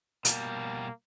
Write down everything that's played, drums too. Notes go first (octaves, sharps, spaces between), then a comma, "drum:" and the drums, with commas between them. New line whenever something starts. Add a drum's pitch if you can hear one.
B2 G3 A#3, drum: hi-hat